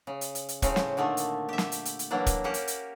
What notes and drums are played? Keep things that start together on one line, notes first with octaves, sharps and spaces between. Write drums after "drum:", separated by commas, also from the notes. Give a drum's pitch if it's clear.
C#3
drum: hi-hat
drum: hi-hat
drum: hi-hat
A2 C#3 C4 C#4, drum: kick, hi-hat
drum: snare
A#2 D3 D#3 A3
drum: hi-hat
G4 E5
drum: snare
drum: hi-hat
drum: hi-hat
drum: hi-hat
E3 F#3 G3 A#3 D4
drum: kick, hi-hat
A#3 C#4 G4 F#5 G5
drum: hi-hat
drum: hi-hat